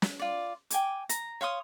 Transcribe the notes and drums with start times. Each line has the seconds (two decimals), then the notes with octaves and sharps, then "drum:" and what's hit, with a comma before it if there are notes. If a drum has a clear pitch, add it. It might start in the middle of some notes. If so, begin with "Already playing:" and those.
0.02 drum: snare
0.19 F4 D5
0.70 G5 G#5 D6, drum: hi-hat
1.09 A#5, drum: hi-hat
1.41 C#5 F5 C6 D#6